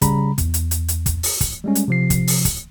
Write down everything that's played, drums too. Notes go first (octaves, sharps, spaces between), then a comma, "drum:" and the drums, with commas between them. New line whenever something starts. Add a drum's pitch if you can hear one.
C#3 G3 A#5 B5, drum: kick, hi-hat
E2, drum: kick, hi-hat
drum: hi-hat
drum: hi-hat
drum: hi-hat
drum: kick, hi-hat
drum: open hi-hat
drum: kick, hi-hat
G3 G#3 C#4
drum: hi-hat
C3 F3 C7
drum: kick, hi-hat
drum: open hi-hat
drum: kick, hi-hat